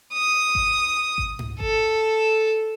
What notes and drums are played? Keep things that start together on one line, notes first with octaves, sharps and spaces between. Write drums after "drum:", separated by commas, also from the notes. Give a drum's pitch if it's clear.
D#6
drum: kick G#1
drum: kick G#1
drum: tom G#2
A4, drum: kick G#1